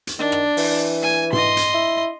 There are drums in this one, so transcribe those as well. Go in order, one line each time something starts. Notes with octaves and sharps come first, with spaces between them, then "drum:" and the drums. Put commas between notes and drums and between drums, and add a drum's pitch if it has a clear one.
drum: hi-hat
D#3 D4
drum: rim click
E3, drum: open hi-hat
G#5
D#5 C6, drum: tom G#2
drum: hi-hat
E4